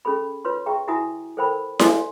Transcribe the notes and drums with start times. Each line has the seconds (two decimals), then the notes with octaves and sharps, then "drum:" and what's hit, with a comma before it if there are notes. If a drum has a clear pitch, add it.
0.05 C#4 G#4 A4 B5
0.45 F4 B4 C#5 C6
0.66 G#4 E5 G5 A#5 C#6
0.88 E4 F#4 E5 G#5 A#5 D#6
1.37 A4 A#4 C5 F#5 G5 B5
1.79 F#4 A4 D5 G#5 A#5 C6, drum: snare E4